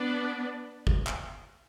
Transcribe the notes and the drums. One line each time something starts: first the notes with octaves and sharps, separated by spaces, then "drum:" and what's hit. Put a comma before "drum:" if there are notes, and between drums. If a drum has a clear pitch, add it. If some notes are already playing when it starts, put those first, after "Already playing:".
Already playing: B3 D4 B4 D5
drum: kick
drum: clap